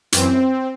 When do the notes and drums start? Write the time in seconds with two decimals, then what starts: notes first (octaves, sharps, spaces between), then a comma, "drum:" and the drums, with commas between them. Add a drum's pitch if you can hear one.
0.12 F#2 E3 C4, drum: hi-hat